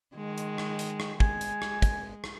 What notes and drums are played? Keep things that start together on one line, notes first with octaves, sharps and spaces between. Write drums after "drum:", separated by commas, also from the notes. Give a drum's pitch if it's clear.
D#3 G#3
drum: hi-hat
drum: rim click
drum: hi-hat
drum: rim click
G#3 G#5, drum: kick
drum: hi-hat
drum: rim click
drum: kick, hi-hat
drum: rim click